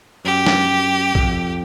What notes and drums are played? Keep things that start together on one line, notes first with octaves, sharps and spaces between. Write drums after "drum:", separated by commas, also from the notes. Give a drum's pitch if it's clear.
F#2 G4
drum: snare
F2, drum: kick B1